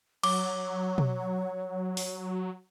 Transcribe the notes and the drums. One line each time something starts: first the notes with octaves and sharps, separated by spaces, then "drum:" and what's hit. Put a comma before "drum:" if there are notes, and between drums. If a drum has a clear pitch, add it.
F#3 C#5 D6, drum: cymbal
drum: tom B2
drum: open hi-hat